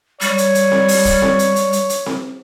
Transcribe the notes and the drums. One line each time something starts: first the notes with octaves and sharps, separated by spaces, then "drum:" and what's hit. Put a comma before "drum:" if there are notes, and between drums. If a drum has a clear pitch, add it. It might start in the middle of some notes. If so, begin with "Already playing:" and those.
G3 C#5, drum: hi-hat
drum: hi-hat
drum: hi-hat
drum: snare C4
drum: open hi-hat
drum: kick, hi-hat
drum: snare C4
drum: hi-hat
drum: hi-hat
drum: hi-hat
drum: hi-hat
drum: snare C4